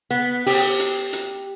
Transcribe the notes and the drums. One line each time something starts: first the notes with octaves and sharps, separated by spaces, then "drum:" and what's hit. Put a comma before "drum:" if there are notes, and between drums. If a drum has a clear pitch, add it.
B3
G4, drum: open hi-hat
drum: hi-hat
drum: hi-hat